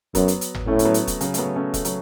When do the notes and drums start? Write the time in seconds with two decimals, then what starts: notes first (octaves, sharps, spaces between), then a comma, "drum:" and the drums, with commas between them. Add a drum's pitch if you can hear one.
0.15 F#2 F#3 B3, drum: kick E1, hi-hat
0.28 drum: hi-hat
0.41 drum: hi-hat
0.54 drum: tom G1
0.68 A2 A3 C#4
0.79 C#4, drum: hi-hat
0.85 F#3 B3
0.94 drum: hi-hat
1.07 drum: kick E1, hi-hat
1.21 C#3 F#3, drum: hi-hat
1.34 A3, drum: hi-hat
1.38 F#3 B3
1.56 A3 C#4
1.74 A3, drum: kick E1, hi-hat
1.85 F#3, drum: hi-hat